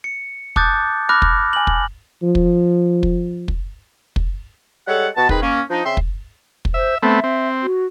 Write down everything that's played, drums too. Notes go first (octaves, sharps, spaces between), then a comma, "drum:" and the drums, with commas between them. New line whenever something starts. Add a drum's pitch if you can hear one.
C#7
A5 D6 D#6 F#6 G6 A6, drum: kick
B5 D6 F6 F#6 A#6
drum: kick
G#5 F#7
drum: kick
F3
drum: kick
drum: kick
drum: kick
drum: kick
G3 G#3 A4 C#5 F#5
B2 B3 F#4 A5
D#3 C4 D#4 G#4 B4, drum: kick
A#3 C#4
F3 D4 D#4
C#3 C4 E5 C6
drum: kick
drum: kick
C5 E5
A3 B3 C4 E5
C4
F#4